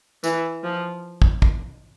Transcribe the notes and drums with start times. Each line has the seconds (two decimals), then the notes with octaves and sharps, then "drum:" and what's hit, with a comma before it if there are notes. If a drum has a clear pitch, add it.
0.24 E3, drum: tambourine
0.64 F3
1.22 drum: kick
1.42 drum: kick